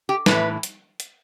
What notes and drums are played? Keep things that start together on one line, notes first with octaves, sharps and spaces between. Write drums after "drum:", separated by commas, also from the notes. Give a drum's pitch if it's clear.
G4
A2 E3 B4, drum: snare
drum: hi-hat
drum: hi-hat